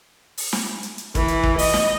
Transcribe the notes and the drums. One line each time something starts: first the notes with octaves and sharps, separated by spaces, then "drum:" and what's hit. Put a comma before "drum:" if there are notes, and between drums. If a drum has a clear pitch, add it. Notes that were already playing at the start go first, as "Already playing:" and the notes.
drum: open hi-hat
drum: snare
drum: hi-hat
drum: hi-hat
E3, drum: kick, hi-hat
drum: hi-hat
drum: kick
D#5, drum: open hi-hat
drum: snare